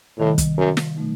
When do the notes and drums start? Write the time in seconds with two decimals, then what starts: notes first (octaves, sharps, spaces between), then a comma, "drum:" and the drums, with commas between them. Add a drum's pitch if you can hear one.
0.18 A2 C3 D#3 G3
0.38 drum: kick, hi-hat
0.58 F#2
0.77 drum: snare
0.97 B2 F#3 A3 D#4